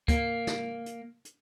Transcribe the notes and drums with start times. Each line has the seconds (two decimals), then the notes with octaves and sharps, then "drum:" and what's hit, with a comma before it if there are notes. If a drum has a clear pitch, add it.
0.08 A#3, drum: kick, hi-hat
0.47 drum: snare
0.86 drum: hi-hat
1.25 drum: hi-hat